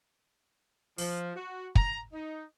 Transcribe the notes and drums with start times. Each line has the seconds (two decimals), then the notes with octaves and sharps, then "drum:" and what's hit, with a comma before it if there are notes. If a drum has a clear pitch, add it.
0.98 F3, drum: open hi-hat
1.36 F#4
1.75 A#5, drum: kick
2.13 D#4